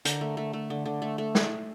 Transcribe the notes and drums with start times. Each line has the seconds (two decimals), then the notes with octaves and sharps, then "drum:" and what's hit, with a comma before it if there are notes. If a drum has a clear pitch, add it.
0.05 D3 A#4, drum: hi-hat
0.21 A3
0.37 A3
0.53 A3
0.70 D3
0.85 D3
1.02 A3
1.18 A3
1.35 drum: snare